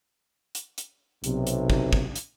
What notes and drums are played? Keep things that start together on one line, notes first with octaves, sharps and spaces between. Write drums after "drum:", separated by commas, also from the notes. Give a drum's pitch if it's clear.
drum: hi-hat
drum: hi-hat
B1 C3, drum: hi-hat
drum: hi-hat
drum: kick
drum: kick
drum: hi-hat